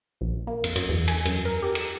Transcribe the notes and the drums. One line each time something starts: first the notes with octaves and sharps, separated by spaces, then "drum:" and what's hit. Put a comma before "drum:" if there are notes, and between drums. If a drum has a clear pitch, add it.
A#1
A#3
F2, drum: cymbal
F#2, drum: cymbal
E2
G#5, drum: cymbal
F#2, drum: cymbal
A#4
G4
E7, drum: cymbal